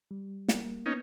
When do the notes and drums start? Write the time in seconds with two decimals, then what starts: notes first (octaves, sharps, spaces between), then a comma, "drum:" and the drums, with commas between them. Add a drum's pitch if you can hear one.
0.11 G3
0.48 A#3, drum: snare
0.86 B3 C#4 D#4